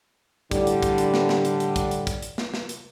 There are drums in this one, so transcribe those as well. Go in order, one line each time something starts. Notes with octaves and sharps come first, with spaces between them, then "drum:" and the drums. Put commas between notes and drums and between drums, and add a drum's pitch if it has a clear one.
A2 D3 G3, drum: kick, hi-hat
drum: hi-hat
drum: kick, hi-hat
drum: hi-hat
drum: snare
drum: snare
drum: hi-hat
drum: hi-hat
drum: kick, hi-hat
drum: hi-hat
drum: kick, hi-hat
drum: hi-hat
drum: snare
drum: snare
drum: hi-hat